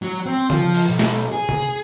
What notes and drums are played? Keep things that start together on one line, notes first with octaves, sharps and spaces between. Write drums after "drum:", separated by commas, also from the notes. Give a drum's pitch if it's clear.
F#3
C4
F3, drum: tom C#3
drum: open hi-hat
B1
drum: snare
G#4
drum: tom C3